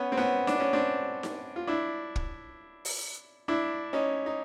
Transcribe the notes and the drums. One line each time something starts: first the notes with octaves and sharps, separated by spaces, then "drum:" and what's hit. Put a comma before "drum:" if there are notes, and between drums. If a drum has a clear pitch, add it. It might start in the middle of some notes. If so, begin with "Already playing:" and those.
Already playing: B3 C#4
C4
B3 C#4
D4, drum: snare D#4
C#4
C4 D4
drum: snare D#4
F4
D4 E4
drum: kick
drum: open hi-hat
D4 E4
C#4 D#4
D#4